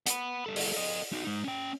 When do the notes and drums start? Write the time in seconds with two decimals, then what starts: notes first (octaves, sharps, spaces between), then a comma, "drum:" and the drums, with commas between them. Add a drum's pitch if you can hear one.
0.06 F#5 B5, drum: hi-hat
0.46 G3 A4
0.56 drum: open hi-hat
0.73 A4 D#5
1.12 D#4 F#4
1.24 G#3 D#4
1.44 C#4 G5